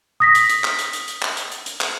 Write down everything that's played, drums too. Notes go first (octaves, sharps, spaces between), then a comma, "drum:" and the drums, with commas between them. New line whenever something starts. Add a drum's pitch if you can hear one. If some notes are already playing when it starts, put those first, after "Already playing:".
D#6 A#6 B6
drum: hi-hat
drum: hi-hat
drum: clap
drum: hi-hat
drum: hi-hat
drum: hi-hat
drum: clap
drum: hi-hat
drum: hi-hat
drum: hi-hat
drum: clap